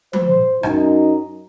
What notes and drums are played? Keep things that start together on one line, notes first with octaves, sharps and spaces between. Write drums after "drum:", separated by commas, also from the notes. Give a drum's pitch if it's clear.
C5, drum: tom F3
F#2 D#4, drum: rim click